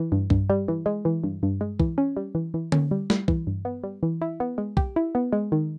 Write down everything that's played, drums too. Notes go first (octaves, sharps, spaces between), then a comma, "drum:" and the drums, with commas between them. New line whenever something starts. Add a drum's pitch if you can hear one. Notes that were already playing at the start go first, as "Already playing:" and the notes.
Already playing: E3
G2
G2, drum: kick
G3
E3
G#3
E3
G2
G2
G#3
E3, drum: kick
C#4
G3
E3
E3
C#4, drum: tom D3
G3
G3, drum: snare
E3, drum: kick
G2
B3
G3
E3
E4
B3
G#3
G4, drum: kick
E4
B3
G#3
D#3